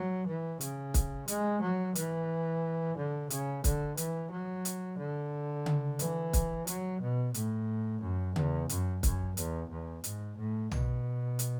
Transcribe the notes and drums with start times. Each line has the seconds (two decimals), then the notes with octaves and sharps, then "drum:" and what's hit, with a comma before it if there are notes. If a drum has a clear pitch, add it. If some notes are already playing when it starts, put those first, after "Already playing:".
Already playing: F#3
0.27 E3
0.61 C#3, drum: hi-hat
0.94 drum: kick, hi-hat
1.28 G#3, drum: hi-hat
1.62 F#3
1.95 E3, drum: hi-hat
2.97 D3
3.30 C#3, drum: hi-hat
3.64 D3, drum: kick, hi-hat
3.97 E3, drum: hi-hat
4.31 F#3
4.65 drum: hi-hat
4.98 D3
5.66 drum: tom C#3
5.99 E3, drum: hi-hat
6.33 drum: kick, hi-hat
6.67 F#3, drum: hi-hat
7.01 B2
7.34 A2, drum: hi-hat
8.02 F#2
8.36 E2, drum: tom C#3
8.69 F#2, drum: hi-hat
9.03 F#2, drum: kick, hi-hat
9.37 E2, drum: hi-hat
9.70 E2
10.04 G#2, drum: hi-hat
10.37 A2
10.71 B2, drum: tom
11.39 drum: hi-hat